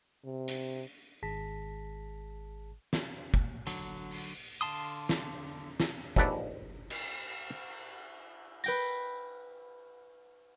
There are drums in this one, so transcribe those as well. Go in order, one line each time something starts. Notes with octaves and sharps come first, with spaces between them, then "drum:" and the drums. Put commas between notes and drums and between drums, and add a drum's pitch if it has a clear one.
C3
drum: hi-hat
G#1 G#4 A5 A#6 B6
drum: snare
drum: kick
D3 F#3, drum: hi-hat
drum: open hi-hat
D3 F5 A5 C6 D#6
drum: snare
drum: snare
A#1 D#2 A4 B4 D5, drum: kick
drum: cymbal
B4 G5 A#6, drum: tambourine